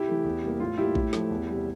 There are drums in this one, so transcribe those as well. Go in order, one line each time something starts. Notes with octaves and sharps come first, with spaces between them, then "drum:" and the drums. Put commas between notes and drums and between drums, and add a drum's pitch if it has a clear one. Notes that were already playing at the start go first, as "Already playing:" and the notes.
Already playing: C3 E4 G4
E3 A3
E2
C3 G3 A#3
A2 F4
G3 A#3 E4 G4
A2, drum: kick A#1
F3 A3, drum: snare
E2
C3 G3